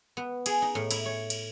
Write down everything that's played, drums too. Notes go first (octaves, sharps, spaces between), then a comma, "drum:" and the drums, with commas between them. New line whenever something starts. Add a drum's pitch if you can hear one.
B3
G#4, drum: cymbal
D#4
A2
E4, drum: cymbal
C#5
drum: cymbal